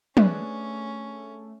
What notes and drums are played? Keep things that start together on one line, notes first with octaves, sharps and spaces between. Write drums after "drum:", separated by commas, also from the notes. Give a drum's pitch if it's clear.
A3 C#4 D4 G#4 B4, drum: tom